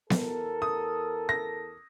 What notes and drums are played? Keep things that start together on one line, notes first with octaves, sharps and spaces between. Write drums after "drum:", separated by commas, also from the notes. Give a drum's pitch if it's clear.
E2 A4 A#4, drum: snare B3
D#6
A#6